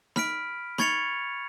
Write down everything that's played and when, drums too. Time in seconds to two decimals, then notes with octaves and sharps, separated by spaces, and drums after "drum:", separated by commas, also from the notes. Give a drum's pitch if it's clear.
0.16 B5 F6 B6 D7, drum: snare D#4
0.78 B5 C#6 G#6 A6 C#7 F7, drum: snare D#4